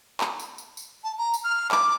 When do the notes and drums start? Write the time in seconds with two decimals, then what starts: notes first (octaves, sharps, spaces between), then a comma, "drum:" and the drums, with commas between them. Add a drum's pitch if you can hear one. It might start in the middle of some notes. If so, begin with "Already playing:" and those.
0.21 drum: clap
0.39 drum: tambourine
0.58 drum: tambourine
0.77 drum: tambourine
1.04 A5
1.18 A#5
1.34 drum: tambourine
1.44 F6
1.71 D6, drum: clap